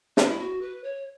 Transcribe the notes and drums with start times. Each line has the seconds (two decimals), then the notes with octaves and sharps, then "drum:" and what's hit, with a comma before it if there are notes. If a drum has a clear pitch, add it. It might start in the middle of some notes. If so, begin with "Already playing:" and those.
0.17 E4, drum: snare
0.39 F#4
0.61 B4
0.84 C#5